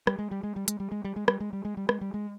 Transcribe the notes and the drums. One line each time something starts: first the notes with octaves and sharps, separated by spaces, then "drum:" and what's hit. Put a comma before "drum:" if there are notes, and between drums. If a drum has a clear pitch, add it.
G3, drum: rim click
G#3
G3
G#3
G3
G#3, drum: hi-hat
G3
G#3
G3
G#3
G3, drum: rim click
G#3
G3
G#3
G3
G#3, drum: rim click
G3
G#3